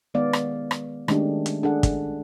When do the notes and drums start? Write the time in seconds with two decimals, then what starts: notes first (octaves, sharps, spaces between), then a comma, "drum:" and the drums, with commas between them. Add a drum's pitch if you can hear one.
0.14 D#3 G#3 B3 D5 F5
0.33 drum: rim click
0.71 drum: rim click
1.08 D#3 G#3 A3 C#4 D4 G4, drum: rim click
1.46 drum: hi-hat
1.63 D4 G#4 A4 F#5
1.83 drum: kick, hi-hat